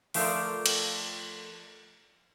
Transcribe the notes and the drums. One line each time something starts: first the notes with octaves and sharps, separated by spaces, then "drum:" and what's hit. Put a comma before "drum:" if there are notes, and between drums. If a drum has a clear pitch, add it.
F3 A3 F4 A4 A#4 D5, drum: open hi-hat
drum: cymbal